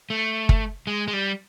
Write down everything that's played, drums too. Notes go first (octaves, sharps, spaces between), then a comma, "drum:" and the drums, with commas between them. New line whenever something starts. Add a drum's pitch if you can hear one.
A3
drum: kick
G#3
G#3
G3